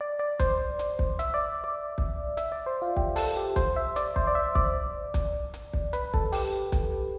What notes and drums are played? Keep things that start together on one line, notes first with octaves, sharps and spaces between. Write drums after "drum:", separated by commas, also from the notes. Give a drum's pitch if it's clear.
D5
D5
C5, drum: kick, hi-hat
drum: hi-hat
drum: kick
E5, drum: hi-hat
D5
D5
drum: kick
E5, drum: hi-hat
D5
C5
F4
G4, drum: kick
A4, drum: open hi-hat
G4
C5, drum: kick, hi-hat
E5
D5, drum: hi-hat
C5, drum: kick
D5
E5
D5, drum: kick
drum: kick, hi-hat
drum: hi-hat
drum: kick
B4, drum: hi-hat
A4, drum: kick
G4, drum: open hi-hat
drum: kick, hi-hat